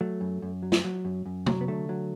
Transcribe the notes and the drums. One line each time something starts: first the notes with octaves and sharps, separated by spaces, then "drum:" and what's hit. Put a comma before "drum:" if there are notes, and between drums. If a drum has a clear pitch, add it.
F#3 A3
F#2
F#2
F#3
drum: snare
F#3
F#2
F#2
F#3, drum: tom C3
B3
D3 A3
F#3